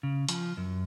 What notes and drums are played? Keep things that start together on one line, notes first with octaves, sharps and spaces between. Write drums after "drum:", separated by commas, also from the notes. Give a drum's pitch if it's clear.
C#3
F3, drum: hi-hat
F#2